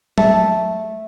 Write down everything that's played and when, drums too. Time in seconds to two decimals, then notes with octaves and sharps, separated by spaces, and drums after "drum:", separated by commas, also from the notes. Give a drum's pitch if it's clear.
0.18 A3 A4, drum: tom F#3